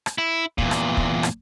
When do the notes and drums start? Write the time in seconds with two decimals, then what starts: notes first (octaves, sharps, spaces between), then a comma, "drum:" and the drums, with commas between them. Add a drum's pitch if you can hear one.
0.06 drum: rim click
0.18 E4
0.58 E2 A#2, drum: kick
0.71 drum: rim click
0.97 drum: kick
1.23 drum: rim click